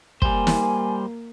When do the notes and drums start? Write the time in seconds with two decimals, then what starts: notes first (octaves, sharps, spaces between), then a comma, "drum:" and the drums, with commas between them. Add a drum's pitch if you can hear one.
0.22 G3 A#3 C5 G#5, drum: kick
0.47 drum: snare